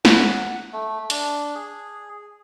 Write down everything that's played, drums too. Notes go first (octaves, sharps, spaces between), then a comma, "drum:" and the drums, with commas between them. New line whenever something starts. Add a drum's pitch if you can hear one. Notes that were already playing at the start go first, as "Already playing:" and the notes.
F#5, drum: snare
A3
D4, drum: hi-hat
G#4